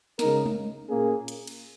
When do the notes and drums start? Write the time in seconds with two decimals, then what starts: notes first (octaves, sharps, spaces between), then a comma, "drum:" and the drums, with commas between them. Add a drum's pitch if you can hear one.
0.19 C#3 G#3 D#4 A#4, drum: snare
0.46 drum: tom G#3
0.88 A#2 A#3 C#4 G#4
1.28 drum: hi-hat
1.47 drum: cymbal